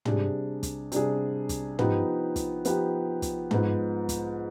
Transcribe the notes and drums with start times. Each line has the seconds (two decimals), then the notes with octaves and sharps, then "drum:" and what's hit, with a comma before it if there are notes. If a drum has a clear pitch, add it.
0.05 C3 G3 D4 G#4, drum: tom
0.63 drum: kick, hi-hat
0.92 C3 G3 D4 G#4, drum: hi-hat
1.49 drum: kick, hi-hat
1.79 F3 B3 D#4 G4, drum: tom
2.36 drum: kick, hi-hat
2.65 F3 B3 D#4 G4, drum: hi-hat
3.22 drum: kick, hi-hat
3.51 G#2 F3 B3, drum: tom
4.09 drum: kick, hi-hat